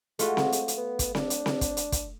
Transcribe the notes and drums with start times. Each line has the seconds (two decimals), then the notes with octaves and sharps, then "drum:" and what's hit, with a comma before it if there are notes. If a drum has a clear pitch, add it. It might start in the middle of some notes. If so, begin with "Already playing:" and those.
0.19 G#3 A3 F4 F#4, drum: hi-hat
0.37 drum: snare C4
0.52 drum: hi-hat
0.68 drum: hi-hat
0.77 B3
0.99 drum: kick, hi-hat
1.15 D4, drum: snare C4
1.30 drum: hi-hat
1.46 drum: snare C4
1.61 drum: kick, hi-hat
1.77 drum: hi-hat
1.92 drum: kick, hi-hat